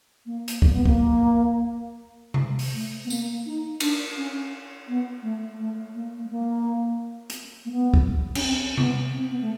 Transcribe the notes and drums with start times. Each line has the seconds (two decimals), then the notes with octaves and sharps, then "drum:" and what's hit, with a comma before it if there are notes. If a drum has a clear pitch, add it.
0.26 A#3
0.48 drum: hi-hat
0.62 A#3, drum: kick
0.73 B3
0.85 A#3, drum: kick
2.34 drum: tom C3
2.59 drum: open hi-hat
2.74 A3
3.05 B3
3.10 A#3, drum: tambourine
3.46 D#4
3.80 D4, drum: cymbal
4.17 C#4
4.88 B3
5.22 A3
5.58 A3
5.94 A#3
6.25 A3
6.30 A#3
7.30 drum: hi-hat
7.65 A#3
7.72 B3
7.94 drum: kick
8.35 C#4, drum: cymbal
8.42 C4
8.72 C4
8.77 B3, drum: tom C3
9.13 C4
9.30 B3
9.41 A3